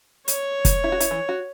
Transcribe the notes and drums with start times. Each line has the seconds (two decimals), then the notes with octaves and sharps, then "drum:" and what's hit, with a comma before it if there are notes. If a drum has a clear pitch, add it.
0.28 C#5, drum: hi-hat
0.65 drum: kick, hi-hat
0.84 E4
0.92 F#4
1.00 E4, drum: hi-hat
1.11 E3
1.29 F#4